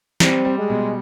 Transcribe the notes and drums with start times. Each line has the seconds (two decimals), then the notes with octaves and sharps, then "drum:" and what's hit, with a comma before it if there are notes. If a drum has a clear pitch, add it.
0.20 G3 C4, drum: snare
0.45 G3
0.58 G#3
0.70 B2